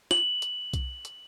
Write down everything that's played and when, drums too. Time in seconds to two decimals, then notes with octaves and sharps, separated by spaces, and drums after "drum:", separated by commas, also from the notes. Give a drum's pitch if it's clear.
0.11 F#7, drum: snare
0.42 drum: hi-hat
0.73 drum: kick B1, hi-hat
1.05 drum: hi-hat